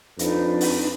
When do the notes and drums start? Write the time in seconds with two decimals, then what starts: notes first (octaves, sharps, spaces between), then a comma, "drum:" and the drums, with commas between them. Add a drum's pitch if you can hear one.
0.19 F2 D4 D#4 B4, drum: hi-hat
0.61 drum: open hi-hat